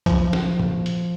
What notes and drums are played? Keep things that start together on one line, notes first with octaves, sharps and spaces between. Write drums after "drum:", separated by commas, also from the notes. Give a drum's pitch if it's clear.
F3, drum: kick B1, hi-hat
drum: snare
drum: tom
drum: hi-hat